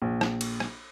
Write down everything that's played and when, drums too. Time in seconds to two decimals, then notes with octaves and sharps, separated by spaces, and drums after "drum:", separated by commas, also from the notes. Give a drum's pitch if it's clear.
0.02 A#1
0.21 drum: rim click
0.41 drum: cymbal
0.60 drum: rim click